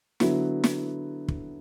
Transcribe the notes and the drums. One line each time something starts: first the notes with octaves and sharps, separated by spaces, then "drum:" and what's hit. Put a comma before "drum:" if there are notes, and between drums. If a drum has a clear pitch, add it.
D3 F#3 B3 E4, drum: snare
drum: snare
drum: kick